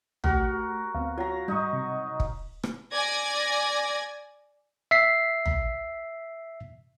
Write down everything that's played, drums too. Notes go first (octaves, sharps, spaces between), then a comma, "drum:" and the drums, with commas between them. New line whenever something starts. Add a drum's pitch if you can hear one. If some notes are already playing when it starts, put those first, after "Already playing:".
A3 F#4 G4 A#4, drum: tom
D2 B3 C4 F5
F#3 F4 C#5 A#5
G#2 G3 D#4 D#5 C#6
C3
drum: kick
drum: rim click
D5 G#5 G#6 A#6
E5 B6 C7
drum: tom